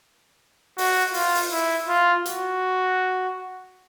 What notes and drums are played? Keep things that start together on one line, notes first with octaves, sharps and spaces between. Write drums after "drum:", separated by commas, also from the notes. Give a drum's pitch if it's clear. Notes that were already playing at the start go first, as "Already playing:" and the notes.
F#4, drum: open hi-hat
F4, drum: open hi-hat
drum: open hi-hat
E4
F4
F#4, drum: hi-hat